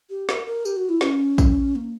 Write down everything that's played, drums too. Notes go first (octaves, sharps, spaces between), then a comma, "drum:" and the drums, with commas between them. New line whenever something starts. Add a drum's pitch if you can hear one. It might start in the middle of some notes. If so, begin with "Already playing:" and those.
G4
A#4, drum: snare
A#4
G4, drum: tambourine
F#4
E4
C#4, drum: snare
drum: kick, tambourine
A#3